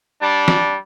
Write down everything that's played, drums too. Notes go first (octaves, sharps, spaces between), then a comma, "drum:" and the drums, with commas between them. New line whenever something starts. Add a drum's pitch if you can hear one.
G3 D4
drum: snare